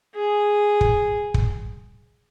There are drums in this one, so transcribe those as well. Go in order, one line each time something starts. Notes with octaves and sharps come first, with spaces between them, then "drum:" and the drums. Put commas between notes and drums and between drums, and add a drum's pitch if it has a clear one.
G#4
drum: kick
drum: kick